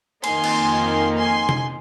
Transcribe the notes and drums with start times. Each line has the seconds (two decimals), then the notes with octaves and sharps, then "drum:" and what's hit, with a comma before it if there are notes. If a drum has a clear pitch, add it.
0.24 F2 D#3 A#3 D#4 G#5 C6, drum: cymbal
0.44 drum: cymbal
1.17 G#5 C6
1.49 drum: tom C3